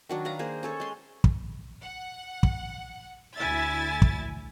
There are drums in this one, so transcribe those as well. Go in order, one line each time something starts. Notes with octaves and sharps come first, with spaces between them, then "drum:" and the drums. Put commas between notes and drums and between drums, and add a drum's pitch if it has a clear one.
D#3 F#3 D4
B4 F5 A#5
A#3 G#4 C5
C#4 A4 C#5
G#3 C6
drum: kick
F#5
drum: kick
D2 E4 E5 G#5 A6
drum: kick